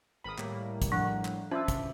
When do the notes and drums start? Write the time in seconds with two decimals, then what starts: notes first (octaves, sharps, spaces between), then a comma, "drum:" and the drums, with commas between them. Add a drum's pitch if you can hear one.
0.24 G#1 A#4 B5 D#6
0.38 A2 G3 A#3, drum: clap
0.82 drum: kick, hi-hat
0.92 F3 D4 F#5 F#6
1.25 drum: clap
1.51 C#4 D4 F4 B4 C5 E5 D6 E6
1.68 drum: kick, hi-hat